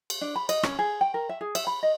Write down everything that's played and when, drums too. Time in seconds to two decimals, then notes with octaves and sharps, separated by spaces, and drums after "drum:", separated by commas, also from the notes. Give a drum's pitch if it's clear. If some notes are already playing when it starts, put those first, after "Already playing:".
0.10 drum: cymbal
0.21 D4
0.36 B5
0.49 D#5, drum: cymbal
0.63 C#4, drum: rim click
0.79 G#4
1.01 G5
1.14 A#4
1.29 E5
1.41 G#4
1.55 E5, drum: cymbal
1.67 B5
1.83 D#5